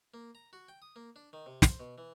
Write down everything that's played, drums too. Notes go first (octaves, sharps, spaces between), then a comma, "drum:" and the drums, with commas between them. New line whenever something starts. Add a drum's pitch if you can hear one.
A#3
A#5
F#4
G5
D#6
A#3
D4
D#3
C3
C5, drum: snare
B2
E3